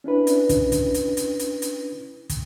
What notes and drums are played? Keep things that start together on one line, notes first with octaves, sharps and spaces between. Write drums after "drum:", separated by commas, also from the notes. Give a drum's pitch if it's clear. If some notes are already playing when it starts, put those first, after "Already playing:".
C#4 D4 E4 B4
drum: hi-hat
drum: kick, hi-hat
drum: kick, hi-hat
drum: hi-hat
drum: hi-hat
drum: hi-hat
drum: hi-hat
drum: kick, hi-hat